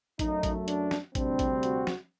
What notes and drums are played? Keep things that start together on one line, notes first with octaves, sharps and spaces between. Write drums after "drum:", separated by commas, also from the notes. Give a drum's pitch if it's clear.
F#2 F#3 A3 D#4, drum: kick A1, hi-hat
drum: kick A1, hi-hat
D4, drum: hi-hat
drum: snare
D2 C3 G3 C4 D4, drum: kick A1, hi-hat
drum: kick A1, hi-hat
F#4, drum: hi-hat
drum: snare